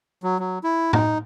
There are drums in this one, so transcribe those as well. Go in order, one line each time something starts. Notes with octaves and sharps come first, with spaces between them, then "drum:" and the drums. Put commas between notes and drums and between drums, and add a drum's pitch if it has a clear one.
F#3
F#3
E4
D#4, drum: tom A2